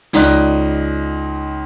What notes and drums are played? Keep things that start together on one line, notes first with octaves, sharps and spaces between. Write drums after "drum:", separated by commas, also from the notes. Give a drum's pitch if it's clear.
C#2 D#4 D5 A#5 F#6, drum: open hi-hat